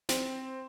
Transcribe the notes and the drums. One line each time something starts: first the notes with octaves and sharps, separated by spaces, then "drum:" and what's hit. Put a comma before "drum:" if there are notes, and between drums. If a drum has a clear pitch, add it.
C4, drum: snare